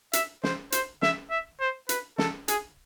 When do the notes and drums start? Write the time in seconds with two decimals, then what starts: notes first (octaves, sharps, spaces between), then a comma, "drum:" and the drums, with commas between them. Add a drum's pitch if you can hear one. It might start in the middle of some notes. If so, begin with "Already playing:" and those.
0.13 E5, drum: hi-hat
0.43 C5, drum: snare
0.72 C5, drum: hi-hat
1.02 E5, drum: snare
1.30 E5
1.60 C5
1.89 B4, drum: hi-hat
2.18 A4, drum: snare
2.48 G#4, drum: hi-hat